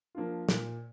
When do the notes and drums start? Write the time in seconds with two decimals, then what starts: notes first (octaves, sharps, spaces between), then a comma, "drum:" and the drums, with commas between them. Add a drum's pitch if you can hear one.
0.15 F3 A#3 D4 F4
0.49 A#2, drum: snare